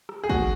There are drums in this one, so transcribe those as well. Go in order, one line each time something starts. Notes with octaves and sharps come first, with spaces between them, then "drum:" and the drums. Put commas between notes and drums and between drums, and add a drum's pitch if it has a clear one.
drum: rim click
G#4
F#4, drum: kick